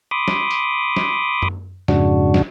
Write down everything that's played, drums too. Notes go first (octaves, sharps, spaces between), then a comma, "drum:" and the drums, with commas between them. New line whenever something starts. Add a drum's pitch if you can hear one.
B5 C6 D6 D#6
drum: snare
drum: hi-hat
drum: snare
drum: tom F#2
F2 G#2 C#3 D4 F#4, drum: snare
drum: snare